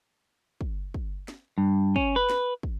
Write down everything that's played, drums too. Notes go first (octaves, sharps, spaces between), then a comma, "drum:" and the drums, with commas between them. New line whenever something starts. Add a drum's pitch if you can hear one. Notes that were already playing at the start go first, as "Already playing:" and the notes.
drum: kick
drum: kick
drum: snare
G2
C#4, drum: kick
B4
drum: snare
drum: kick